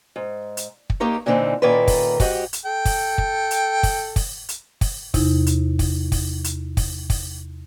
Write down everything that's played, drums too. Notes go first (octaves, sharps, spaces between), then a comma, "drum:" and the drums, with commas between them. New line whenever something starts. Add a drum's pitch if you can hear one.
G#2
drum: hi-hat
drum: kick
A#3 D#4 G4 A#4 C#5
A#2 D3 E3 A#3 C4 D#4
A#2 D#3 A#3 C#4 A4 B4
drum: kick, open hi-hat
G#2 F#4 G4 D#5, drum: kick, open hi-hat
drum: hi-hat
A4 G5
drum: kick, open hi-hat
drum: kick
drum: hi-hat
drum: kick, open hi-hat
drum: kick, open hi-hat
drum: hi-hat
drum: kick, open hi-hat
E2 C3 D#4, drum: kick, open hi-hat
drum: hi-hat
drum: kick, open hi-hat
drum: kick, open hi-hat
drum: hi-hat
drum: kick, open hi-hat
drum: kick, open hi-hat